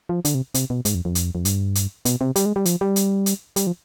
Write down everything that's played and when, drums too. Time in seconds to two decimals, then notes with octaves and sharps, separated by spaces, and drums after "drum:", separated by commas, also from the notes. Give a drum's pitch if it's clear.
0.09 F3
0.25 D3, drum: hi-hat
0.35 C3
0.54 C3, drum: hi-hat
0.70 B2
0.85 G#2, drum: hi-hat
0.95 F2
1.05 F2
1.15 drum: hi-hat
1.35 F2
1.45 G2, drum: hi-hat
1.75 drum: hi-hat
2.05 B2, drum: hi-hat
2.21 C3
2.36 G3, drum: hi-hat
2.46 G#3
2.56 G3
2.65 F3, drum: hi-hat
2.81 G3
2.96 drum: hi-hat
3.26 drum: hi-hat
3.56 G3, drum: hi-hat
3.67 F3